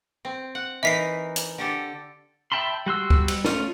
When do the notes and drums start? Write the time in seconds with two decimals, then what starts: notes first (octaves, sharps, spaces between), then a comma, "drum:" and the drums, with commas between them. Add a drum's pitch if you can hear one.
0.25 C4
0.55 F#5
0.83 E3 D#4 A#4 E5 B6 C7
1.36 drum: hi-hat
1.58 D3 G4 A4
2.52 E5 G5 A5 B5 C6
2.86 G3 F#4 C6 E6
3.10 drum: kick
3.28 drum: cymbal
3.45 A3 C#4 F4, drum: snare